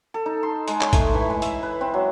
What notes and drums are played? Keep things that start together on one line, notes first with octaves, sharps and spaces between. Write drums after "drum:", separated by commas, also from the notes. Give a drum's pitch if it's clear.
A4
D#4
C6
G#3, drum: hi-hat
C#5, drum: clap
A3, drum: kick, hi-hat
E3
G#3
E5, drum: hi-hat
B4
C4
F#3